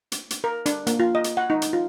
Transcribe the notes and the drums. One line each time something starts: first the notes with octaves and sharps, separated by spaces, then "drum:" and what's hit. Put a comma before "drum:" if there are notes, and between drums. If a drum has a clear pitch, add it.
drum: hi-hat
drum: hi-hat
A#4
D4, drum: hi-hat
A#3, drum: hi-hat
F4
D#5
drum: hi-hat
F#5
D#4
drum: hi-hat
F4